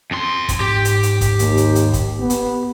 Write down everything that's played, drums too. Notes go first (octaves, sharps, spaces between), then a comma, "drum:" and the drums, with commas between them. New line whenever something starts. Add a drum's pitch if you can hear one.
F2 C6
drum: kick, hi-hat
G#2 G4
drum: hi-hat
drum: hi-hat
drum: kick, hi-hat
D#2, drum: hi-hat
drum: hi-hat
drum: hi-hat
drum: kick, hi-hat
B3
drum: hi-hat